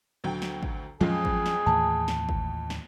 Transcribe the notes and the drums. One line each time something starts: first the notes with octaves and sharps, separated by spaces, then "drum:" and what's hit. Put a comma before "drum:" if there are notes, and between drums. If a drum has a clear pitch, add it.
D2 F#3 G5
drum: snare
drum: kick G#1
F2 F3 F#3 G#3 C#4 F4 G#4
drum: kick G#1
drum: snare
D#2 A2 E3 A5
drum: snare
drum: kick G#1
drum: snare